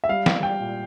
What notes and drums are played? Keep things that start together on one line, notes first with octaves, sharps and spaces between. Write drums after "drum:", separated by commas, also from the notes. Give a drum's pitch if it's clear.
E5
G3 F5
G3, drum: snare
G3 G5
A#2